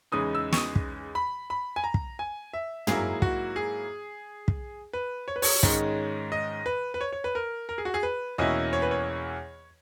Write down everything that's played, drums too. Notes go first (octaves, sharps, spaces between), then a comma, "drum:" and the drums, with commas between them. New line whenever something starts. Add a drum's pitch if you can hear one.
E2 C#3 E3 G#3 D#4 D#6
E6
C#6, drum: snare
D#6
drum: kick
B5
B5
G#5
A#5
drum: kick
G#5
E5
G#2 F#3 A#3 E4 G#4, drum: tom
F#4, drum: kick
G#4
drum: kick
B4
C#5
B4
C#5, drum: open hi-hat
G#2 D#3 G#3 C#4, drum: kick
D#5
B4
B4
C#5
C#5
B4
A#4
A#4
G#4
F#4
G#4
B4
E2 B2 A#3 C#4 E4 D#5
C#5
B4
C#5